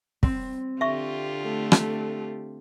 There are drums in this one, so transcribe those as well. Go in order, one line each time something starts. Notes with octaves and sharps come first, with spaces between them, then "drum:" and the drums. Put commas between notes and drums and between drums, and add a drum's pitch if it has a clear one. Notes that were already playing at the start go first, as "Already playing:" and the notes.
C4, drum: kick
D3 F4 G4 E5 C#6
A3
drum: rim click